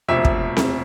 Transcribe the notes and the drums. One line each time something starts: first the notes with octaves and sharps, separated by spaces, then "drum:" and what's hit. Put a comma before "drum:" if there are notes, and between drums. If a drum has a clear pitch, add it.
E1 D2 C3 F3 E5
drum: kick
drum: snare C4